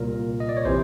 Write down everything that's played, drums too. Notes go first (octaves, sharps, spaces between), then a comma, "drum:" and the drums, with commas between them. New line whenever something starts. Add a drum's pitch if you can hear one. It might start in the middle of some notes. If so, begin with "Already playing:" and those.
Already playing: C2 A#2 A#4
D#5
D5
C#5
C3 E3 C5, drum: kick